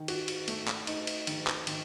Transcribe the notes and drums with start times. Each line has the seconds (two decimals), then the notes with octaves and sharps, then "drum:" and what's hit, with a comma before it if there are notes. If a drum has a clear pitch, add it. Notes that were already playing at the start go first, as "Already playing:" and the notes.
Already playing: D#3
0.08 F#4, drum: cymbal
0.28 drum: cymbal
0.48 A3, drum: cymbal
0.68 drum: clap
0.87 D#4, drum: cymbal
1.07 drum: cymbal
1.27 D#3, drum: cymbal
1.47 drum: clap
1.67 D#3, drum: cymbal